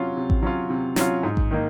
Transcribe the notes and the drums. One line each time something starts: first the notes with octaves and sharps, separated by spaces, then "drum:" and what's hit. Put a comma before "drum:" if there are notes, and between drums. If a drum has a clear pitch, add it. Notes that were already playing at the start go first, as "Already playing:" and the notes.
Already playing: C3 F#3 C#4 F4
C3
drum: kick A1
F#3 C#4 F4
C3
F#3 C#4 F4, drum: snare
G#2
drum: kick A1
D#3 A#3 D#4